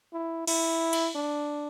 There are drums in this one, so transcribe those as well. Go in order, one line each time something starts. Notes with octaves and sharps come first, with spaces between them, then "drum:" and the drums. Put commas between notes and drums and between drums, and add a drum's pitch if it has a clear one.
E4
E4, drum: cymbal
drum: cymbal
D4